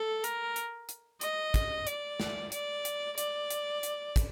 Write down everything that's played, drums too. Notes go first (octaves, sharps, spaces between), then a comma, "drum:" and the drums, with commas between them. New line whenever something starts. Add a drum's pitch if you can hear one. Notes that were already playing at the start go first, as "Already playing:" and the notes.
Already playing: A4
A#4, drum: hi-hat
drum: hi-hat
drum: hi-hat
D#5, drum: hi-hat
drum: kick, hi-hat
D5, drum: hi-hat
drum: snare
D5, drum: hi-hat
drum: hi-hat
D5, drum: hi-hat
drum: hi-hat
drum: hi-hat
drum: kick, hi-hat